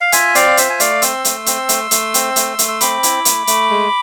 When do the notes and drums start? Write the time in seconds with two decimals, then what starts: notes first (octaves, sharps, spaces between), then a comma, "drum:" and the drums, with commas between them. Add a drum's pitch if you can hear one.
0.01 F5
0.12 F4 E5 G#5, drum: hi-hat
0.35 C4 D5 F5, drum: hi-hat
0.57 F4 C5 E5, drum: hi-hat
0.70 G#5
0.80 A3 D5 F5, drum: hi-hat
1.02 C4 C6 E6, drum: hi-hat
1.25 A3, drum: hi-hat
1.46 C4, drum: hi-hat
1.69 A3, drum: hi-hat
1.91 A3, drum: hi-hat
2.14 C4, drum: hi-hat
2.36 A3, drum: hi-hat
2.59 A3, drum: hi-hat
2.68 E6
2.81 C4 B5 D6, drum: hi-hat
3.03 E4, drum: hi-hat
3.25 A3, drum: hi-hat
3.47 A3, drum: hi-hat
3.70 G#3